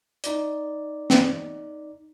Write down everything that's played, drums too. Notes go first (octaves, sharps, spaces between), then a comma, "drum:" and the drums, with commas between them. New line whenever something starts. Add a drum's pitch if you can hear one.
D#4 D5, drum: hi-hat
drum: snare